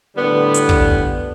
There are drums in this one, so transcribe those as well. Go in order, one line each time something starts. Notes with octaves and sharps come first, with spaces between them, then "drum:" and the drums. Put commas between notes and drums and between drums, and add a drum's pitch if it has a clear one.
A2 D3 G3 B3
drum: hi-hat
drum: kick